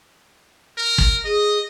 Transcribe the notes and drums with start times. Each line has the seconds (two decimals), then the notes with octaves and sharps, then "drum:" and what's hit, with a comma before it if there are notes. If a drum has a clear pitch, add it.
0.78 A#4
0.98 drum: kick
1.25 G#4 D#5